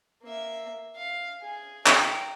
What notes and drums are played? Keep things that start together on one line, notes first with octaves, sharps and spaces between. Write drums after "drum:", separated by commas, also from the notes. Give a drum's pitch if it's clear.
A#3 E5
F5
G#4
G5 A#5, drum: clap